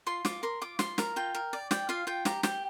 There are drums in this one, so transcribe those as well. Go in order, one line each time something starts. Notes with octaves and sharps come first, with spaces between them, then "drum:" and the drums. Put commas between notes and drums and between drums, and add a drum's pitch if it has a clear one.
F4 C6
F4 D6, drum: snare
A#4 C6
F4 D6
F4 C6, drum: snare
A#4 A#5, drum: snare
F4 G5
A#4
D5
D5 G5, drum: snare
F4 F5
F4 G5
G4 A#5, drum: snare
G4 G5, drum: snare